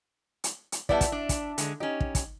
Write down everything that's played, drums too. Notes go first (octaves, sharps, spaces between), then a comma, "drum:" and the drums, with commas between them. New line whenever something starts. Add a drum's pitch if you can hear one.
drum: hi-hat
drum: hi-hat
G3 B3 E4 D5 E5 A5, drum: kick
drum: kick, hi-hat
D4
drum: kick, hi-hat
D3 G#3, drum: hi-hat
C#4 D#4 G4
drum: kick
drum: kick, hi-hat